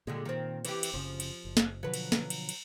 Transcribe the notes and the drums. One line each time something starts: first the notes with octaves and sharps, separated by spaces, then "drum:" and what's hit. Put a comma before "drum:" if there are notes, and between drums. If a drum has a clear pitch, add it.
A#2 D3 G3 G#3
D#3 C4
E3 G4, drum: cymbal
drum: cymbal
F#1 C#3 F3
drum: cymbal
F#1
drum: snare
B2 D3 F3 F#3 B4
drum: cymbal
drum: snare
drum: cymbal
drum: cymbal